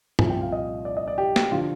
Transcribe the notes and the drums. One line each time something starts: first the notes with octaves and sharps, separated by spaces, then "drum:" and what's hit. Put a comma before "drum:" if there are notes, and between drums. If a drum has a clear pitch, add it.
C2 A#2 F3 G#5, drum: tom G2
G5
F5
D#5
D5
D#5
D5
G4
drum: snare
D3 F3 F4